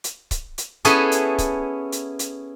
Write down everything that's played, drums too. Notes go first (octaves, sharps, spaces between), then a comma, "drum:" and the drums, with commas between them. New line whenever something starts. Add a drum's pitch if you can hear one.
drum: hi-hat
drum: kick C#1, hi-hat
drum: hi-hat
B3 C#4 E4 G#4 A4, drum: hi-hat
drum: hi-hat
drum: kick C#1, hi-hat
drum: hi-hat
drum: hi-hat